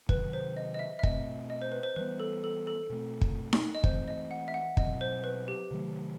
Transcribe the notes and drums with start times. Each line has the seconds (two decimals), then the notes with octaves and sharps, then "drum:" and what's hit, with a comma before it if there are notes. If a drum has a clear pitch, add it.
0.09 C3 D#3 F#3 B4, drum: kick
0.33 C5
0.57 D#5
0.74 D#5
0.79 E5
0.99 E5
1.03 B2 A3 C4 D#5, drum: kick
1.50 D#5
1.62 C5
1.72 B4
1.83 C5
1.96 E3 G3 B3 B4
2.20 A4
2.44 A4
2.67 A4
2.90 B2 A3 C4
3.21 drum: kick
3.53 drum: snare D#4
3.75 D#5
3.84 E3 A3 C4 C5, drum: kick
4.08 D#5
4.31 F#5
4.48 E5
4.54 F#5
4.77 B2 F#3 C4 D#5, drum: kick
5.01 C5
5.24 B4
5.48 G4
5.71 C3 D#3 F#3 A3